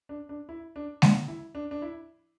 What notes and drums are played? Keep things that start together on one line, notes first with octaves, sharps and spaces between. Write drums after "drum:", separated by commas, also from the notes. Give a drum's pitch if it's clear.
D4
D4
E4
D4
D4, drum: snare G#3
E4
D4
D4
E4